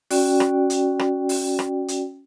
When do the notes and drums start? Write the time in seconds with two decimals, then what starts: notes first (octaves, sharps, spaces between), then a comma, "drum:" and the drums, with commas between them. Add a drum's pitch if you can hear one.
0.10 C#4 F#4 D5 G5, drum: open hi-hat
0.40 drum: rim click
0.70 drum: hi-hat
0.99 drum: rim click
1.29 drum: open hi-hat
1.59 drum: rim click
1.88 drum: hi-hat